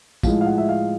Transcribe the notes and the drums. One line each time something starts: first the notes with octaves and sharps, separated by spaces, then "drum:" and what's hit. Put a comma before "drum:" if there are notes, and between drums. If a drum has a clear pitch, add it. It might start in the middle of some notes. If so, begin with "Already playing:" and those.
A2 F3 G#3 F5, drum: kick, tambourine
F5
F#5
E5
F5